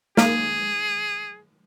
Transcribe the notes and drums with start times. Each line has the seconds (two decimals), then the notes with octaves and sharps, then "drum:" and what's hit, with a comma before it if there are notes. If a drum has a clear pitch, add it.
0.17 A#3 G#4, drum: snare